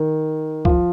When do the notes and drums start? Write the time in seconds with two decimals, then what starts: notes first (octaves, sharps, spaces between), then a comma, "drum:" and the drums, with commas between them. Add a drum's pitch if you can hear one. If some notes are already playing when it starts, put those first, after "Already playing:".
Already playing: D#3
0.65 F3, drum: kick C2